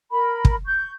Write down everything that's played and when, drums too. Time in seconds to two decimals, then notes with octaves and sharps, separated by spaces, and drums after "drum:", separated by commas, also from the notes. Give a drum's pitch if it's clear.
0.12 A#4 B5
0.45 drum: kick
0.65 C#6 G6